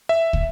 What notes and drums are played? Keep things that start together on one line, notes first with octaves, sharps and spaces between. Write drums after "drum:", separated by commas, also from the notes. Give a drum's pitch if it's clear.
E5
drum: kick